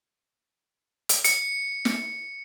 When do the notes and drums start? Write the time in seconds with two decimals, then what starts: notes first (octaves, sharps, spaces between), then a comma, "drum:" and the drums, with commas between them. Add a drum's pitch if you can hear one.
1.09 drum: hi-hat
1.24 C#7, drum: hi-hat
1.85 drum: snare